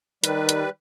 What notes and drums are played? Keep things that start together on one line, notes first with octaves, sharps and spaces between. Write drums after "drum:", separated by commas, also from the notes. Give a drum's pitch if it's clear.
D#3 G3 B4, drum: hi-hat
drum: hi-hat